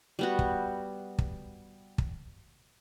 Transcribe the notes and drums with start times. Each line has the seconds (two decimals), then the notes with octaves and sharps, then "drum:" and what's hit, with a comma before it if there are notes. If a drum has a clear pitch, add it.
0.19 G3 B3 F#4
0.39 drum: kick
1.18 drum: kick
1.98 drum: kick